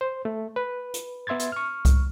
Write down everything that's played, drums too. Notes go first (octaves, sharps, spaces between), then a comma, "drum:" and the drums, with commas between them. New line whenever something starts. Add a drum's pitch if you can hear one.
C5
A3
B4
drum: hi-hat
B3 E5 C6 G#6 A6
drum: hi-hat
C#6 F6
drum: kick C2, hi-hat